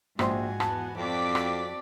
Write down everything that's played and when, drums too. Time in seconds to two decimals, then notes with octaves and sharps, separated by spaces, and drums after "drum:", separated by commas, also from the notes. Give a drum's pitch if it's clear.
0.19 A#1 G#2 F#4 C5 G#5 C6, drum: rim click
0.60 E2 B3 A5, drum: rim click
0.97 F2 C4 F#4 D5 D6 B6
1.35 drum: rim click